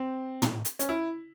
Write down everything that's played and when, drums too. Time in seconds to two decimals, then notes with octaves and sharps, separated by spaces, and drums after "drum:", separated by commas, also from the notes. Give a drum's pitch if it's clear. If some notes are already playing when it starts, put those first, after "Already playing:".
Already playing: C4
0.42 drum: tom
0.65 drum: hi-hat
0.79 C#4, drum: hi-hat
0.89 E4